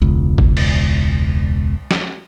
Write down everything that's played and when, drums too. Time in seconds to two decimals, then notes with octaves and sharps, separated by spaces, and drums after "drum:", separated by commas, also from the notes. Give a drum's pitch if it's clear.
0.02 E1 C#2
0.38 drum: kick G1
0.57 drum: cymbal
1.91 drum: snare